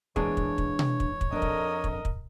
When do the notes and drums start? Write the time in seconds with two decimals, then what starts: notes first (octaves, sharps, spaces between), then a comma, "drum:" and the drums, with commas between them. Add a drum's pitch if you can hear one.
0.16 E3 G#3 A#3 D4 G#4 C#5 A5, drum: kick
0.37 drum: kick
0.58 drum: kick
0.79 drum: tom B2
1.00 drum: kick
1.21 drum: kick
1.32 F2 D4 A#4 D#5
1.42 drum: kick
1.84 drum: kick
2.05 drum: kick